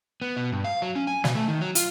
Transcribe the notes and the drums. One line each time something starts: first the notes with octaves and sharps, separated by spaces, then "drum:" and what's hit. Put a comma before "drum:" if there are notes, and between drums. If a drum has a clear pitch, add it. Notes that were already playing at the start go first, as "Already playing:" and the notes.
B3
B2
G2
F5
F#3
C#4
G#5
B2, drum: snare
A3
D#3
F#3
F4, drum: hi-hat